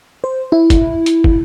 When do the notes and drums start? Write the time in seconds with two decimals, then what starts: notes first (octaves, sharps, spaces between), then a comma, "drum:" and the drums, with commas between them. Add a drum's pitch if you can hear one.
0.24 C5
0.52 E4
0.70 drum: kick, hi-hat
1.06 drum: hi-hat
1.24 drum: kick